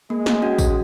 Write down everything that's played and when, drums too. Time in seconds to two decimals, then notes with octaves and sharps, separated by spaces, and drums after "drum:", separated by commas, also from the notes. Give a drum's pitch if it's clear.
0.10 G#3 A#3
0.26 drum: snare
0.42 C#4 F#4
0.58 drum: kick A1, tambourine